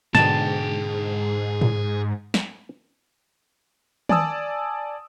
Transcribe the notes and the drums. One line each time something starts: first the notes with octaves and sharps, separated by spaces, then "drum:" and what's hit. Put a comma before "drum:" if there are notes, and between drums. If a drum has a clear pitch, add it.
G#2 B2 D3 G#4 G5 A5, drum: snare
drum: tom G#2
drum: snare
D5 G#5 A5 D#6 E6, drum: tom D#3